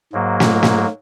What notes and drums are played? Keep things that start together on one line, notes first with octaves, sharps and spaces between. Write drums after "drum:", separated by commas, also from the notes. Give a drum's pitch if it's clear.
G#2 F#3 A#3
drum: snare
drum: snare